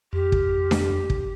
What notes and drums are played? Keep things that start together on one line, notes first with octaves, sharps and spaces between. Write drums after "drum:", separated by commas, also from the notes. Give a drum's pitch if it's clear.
F2 G4
drum: kick
drum: snare D4
drum: kick